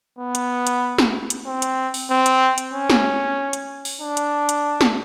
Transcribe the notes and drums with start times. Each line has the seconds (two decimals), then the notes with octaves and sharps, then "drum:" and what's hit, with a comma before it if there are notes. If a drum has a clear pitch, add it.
0.19 B3
0.35 drum: hi-hat
0.67 drum: hi-hat
0.98 drum: snare
1.30 drum: hi-hat
1.46 C4
1.62 drum: hi-hat
1.94 drum: open hi-hat
2.10 C4
2.26 drum: hi-hat
2.58 drum: hi-hat
2.73 C#4
2.90 drum: snare
3.53 drum: hi-hat
3.85 drum: open hi-hat
4.01 D4
4.17 drum: hi-hat
4.49 drum: hi-hat
4.81 drum: snare